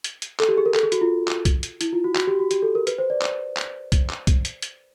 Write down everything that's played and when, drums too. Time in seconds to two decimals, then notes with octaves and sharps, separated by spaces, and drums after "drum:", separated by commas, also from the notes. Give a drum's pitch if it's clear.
0.04 drum: hi-hat
0.22 drum: hi-hat
0.40 A4, drum: clap
0.48 G4
0.58 G#4
0.66 A#4
0.74 A4, drum: clap
0.83 G#4
0.92 F#4, drum: hi-hat
1.01 F4
1.28 drum: clap
1.45 drum: kick C2, hi-hat
1.63 drum: hi-hat
1.81 E4, drum: hi-hat
1.93 F4
2.04 F#4
2.15 F#4, drum: clap
2.27 G4
2.39 F#4
2.51 G4, drum: hi-hat
2.62 A4
2.75 A#4
2.87 B4, drum: hi-hat
2.98 C5
3.10 D5
3.22 drum: clap
3.57 drum: clap
3.92 drum: kick C2, hi-hat
4.10 drum: clap
4.27 drum: kick C2, hi-hat
4.45 drum: hi-hat
4.62 drum: hi-hat